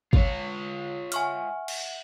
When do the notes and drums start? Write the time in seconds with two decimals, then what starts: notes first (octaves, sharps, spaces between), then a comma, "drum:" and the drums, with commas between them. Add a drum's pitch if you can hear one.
0.13 F4 C#5, drum: kick
1.12 E5 F#5 G#5 C#6 F6, drum: hi-hat
1.68 drum: cymbal